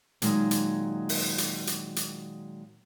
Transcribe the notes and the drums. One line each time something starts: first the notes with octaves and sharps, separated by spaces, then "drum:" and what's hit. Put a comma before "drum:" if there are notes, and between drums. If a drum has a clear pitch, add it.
A#2 D#3 F#3 G#3 A#3, drum: hi-hat
drum: hi-hat
drum: open hi-hat
drum: hi-hat
drum: hi-hat
drum: hi-hat